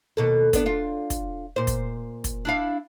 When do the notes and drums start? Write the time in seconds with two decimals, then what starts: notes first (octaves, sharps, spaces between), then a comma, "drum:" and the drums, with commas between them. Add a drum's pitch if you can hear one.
0.17 D#2 B2 A4
0.53 B3 D4, drum: kick, hi-hat
0.66 D4 F4
1.10 drum: kick, hi-hat
1.56 A#2 C5
1.67 drum: kick, hi-hat
2.24 drum: kick, hi-hat
2.45 D4 E4 F5